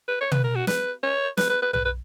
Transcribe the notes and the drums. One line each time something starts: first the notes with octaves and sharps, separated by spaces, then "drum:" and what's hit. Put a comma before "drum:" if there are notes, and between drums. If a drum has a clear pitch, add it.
B4
C#5
B4, drum: tom
A#4
F#4
B4, drum: snare
C#5
B4, drum: snare
B4
B4
B4, drum: tom B1
B4